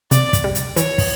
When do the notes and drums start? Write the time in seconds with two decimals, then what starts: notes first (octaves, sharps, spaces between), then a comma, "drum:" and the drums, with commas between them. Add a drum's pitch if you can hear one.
0.11 C3 D5, drum: hi-hat
0.33 drum: kick, hi-hat
0.44 G3
0.55 drum: hi-hat
0.76 E3 C#5, drum: hi-hat
0.98 drum: kick, open hi-hat